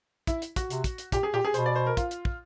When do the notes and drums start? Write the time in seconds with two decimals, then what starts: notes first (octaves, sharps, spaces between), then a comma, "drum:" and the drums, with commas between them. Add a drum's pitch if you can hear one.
0.27 E4, drum: kick, hi-hat
0.42 drum: hi-hat
0.56 F#4, drum: kick, hi-hat
0.70 C3, drum: hi-hat
0.84 drum: kick, hi-hat
0.98 drum: hi-hat
1.12 A#2 G4, drum: kick, hi-hat
1.23 G#4
1.34 A#2 G4
1.45 G#4
1.54 B2 C5, drum: hi-hat
1.66 D5
1.76 C5
1.86 A#4
1.97 F4, drum: kick, hi-hat
2.11 drum: hi-hat
2.25 drum: kick